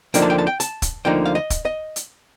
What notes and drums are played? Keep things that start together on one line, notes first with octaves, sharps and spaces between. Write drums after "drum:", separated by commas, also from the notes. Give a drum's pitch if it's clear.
D2 D3 F3 A#3 D#4 G5, drum: hi-hat
A5
G5
A5
G5
A5, drum: hi-hat
drum: kick, hi-hat
D2 D3 F3 A#3 D#4 G5
F5
D#5
drum: kick, hi-hat
D#5
drum: hi-hat